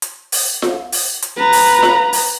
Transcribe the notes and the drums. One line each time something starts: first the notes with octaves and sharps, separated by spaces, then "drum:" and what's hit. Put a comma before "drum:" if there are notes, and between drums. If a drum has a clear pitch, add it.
drum: hi-hat
drum: open hi-hat
drum: snare F4
drum: open hi-hat
drum: hi-hat
B4 A#5
drum: open hi-hat
drum: snare F4
drum: open hi-hat